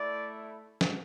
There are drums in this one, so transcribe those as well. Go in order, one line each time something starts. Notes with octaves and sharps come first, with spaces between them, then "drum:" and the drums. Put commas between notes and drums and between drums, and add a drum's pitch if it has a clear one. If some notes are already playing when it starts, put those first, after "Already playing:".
Already playing: A3 E4 D5
drum: snare